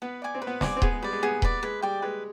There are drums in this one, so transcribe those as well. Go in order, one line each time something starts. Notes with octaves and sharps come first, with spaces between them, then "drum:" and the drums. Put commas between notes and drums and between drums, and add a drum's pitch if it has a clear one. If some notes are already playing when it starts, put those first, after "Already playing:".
B3 B4
D5 G#5 D6
C4
B4
B3
C4 D5 G#5 D6, drum: snare
C4
B3 G#4, drum: kick D#1
G#3
G3 B4 D5
G#3
B3 G#4
B4 D5, drum: kick D#1
G#3 B4
G3 D5 G5
G#3 B4